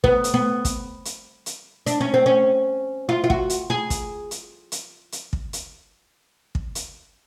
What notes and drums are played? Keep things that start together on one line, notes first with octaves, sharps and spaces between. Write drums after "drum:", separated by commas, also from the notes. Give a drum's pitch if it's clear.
B3, drum: kick
drum: hi-hat
B3
drum: kick, hi-hat
drum: hi-hat
drum: hi-hat
D4, drum: hi-hat
C#4
C4
C#4
F4
F4
F#4, drum: kick
drum: hi-hat
G#4
drum: kick, hi-hat
drum: hi-hat
drum: hi-hat
drum: hi-hat
drum: kick
drum: hi-hat
drum: kick
drum: hi-hat